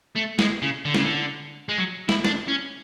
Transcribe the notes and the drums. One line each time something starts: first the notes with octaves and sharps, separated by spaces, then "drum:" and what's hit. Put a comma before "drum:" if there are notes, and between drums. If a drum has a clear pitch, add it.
A3
G#3, drum: snare
C#3
D3
C#3, drum: snare
D3
G#3
F#3
E4, drum: snare
D4, drum: snare
C#4